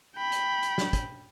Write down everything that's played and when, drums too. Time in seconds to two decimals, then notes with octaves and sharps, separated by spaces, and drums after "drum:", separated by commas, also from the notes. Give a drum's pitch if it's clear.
0.17 G5 B5
0.32 drum: hi-hat
0.63 drum: hi-hat
0.78 drum: snare
0.93 drum: kick, hi-hat